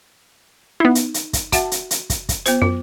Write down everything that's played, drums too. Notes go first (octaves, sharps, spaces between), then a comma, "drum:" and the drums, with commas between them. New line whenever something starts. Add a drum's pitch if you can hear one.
B3 D#4 E4
drum: hi-hat
drum: hi-hat
drum: kick, hi-hat
F#4 E5 F#5 A5, drum: kick, hi-hat
drum: hi-hat
drum: hi-hat
drum: kick, hi-hat
drum: kick, hi-hat
B3 F4 C5, drum: hi-hat
F#2 F4